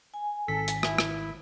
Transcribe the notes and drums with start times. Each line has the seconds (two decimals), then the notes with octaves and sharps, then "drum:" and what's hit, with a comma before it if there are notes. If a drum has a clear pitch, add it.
0.14 G#5
0.48 G#1 A4 B6
0.68 drum: hi-hat
0.83 E4, drum: rim click
0.98 drum: rim click